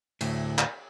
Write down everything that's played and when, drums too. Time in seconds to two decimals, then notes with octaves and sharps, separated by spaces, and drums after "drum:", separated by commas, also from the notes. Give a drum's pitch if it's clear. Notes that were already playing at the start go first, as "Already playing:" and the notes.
0.21 D2 A2, drum: cymbal
0.58 drum: clap